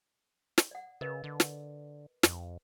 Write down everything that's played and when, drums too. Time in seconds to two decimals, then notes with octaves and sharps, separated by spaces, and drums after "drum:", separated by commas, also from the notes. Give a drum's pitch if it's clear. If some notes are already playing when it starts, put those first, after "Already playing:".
0.58 drum: snare
0.71 D5 F#5
1.01 C#3 A#4 B4 D#5
1.24 D3
1.40 drum: snare
2.23 F2, drum: snare